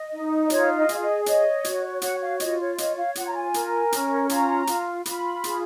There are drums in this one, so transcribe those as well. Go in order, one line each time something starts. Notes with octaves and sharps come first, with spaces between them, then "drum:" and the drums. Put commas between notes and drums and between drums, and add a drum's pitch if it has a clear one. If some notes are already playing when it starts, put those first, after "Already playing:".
Already playing: D#5
D#4
D#5
F4 C#5, drum: hi-hat
D#5
G#4, drum: hi-hat
D#5
C#5 D#5, drum: hi-hat
F#4, drum: hi-hat
C#5 F#5, drum: hi-hat
F5
F4 D#5, drum: hi-hat
C#5
C#5 D#5, drum: hi-hat
F5
F4 F#5, drum: hi-hat
A#5
G#5
A#4, drum: hi-hat
C#4, drum: hi-hat
F4 A#5, drum: hi-hat
F4, drum: hi-hat
F4 B5, drum: hi-hat
G#4, drum: hi-hat